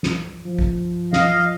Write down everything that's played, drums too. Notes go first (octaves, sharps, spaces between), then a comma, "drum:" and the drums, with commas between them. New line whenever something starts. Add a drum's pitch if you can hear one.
drum: snare
F3
drum: kick
D#5 F5, drum: snare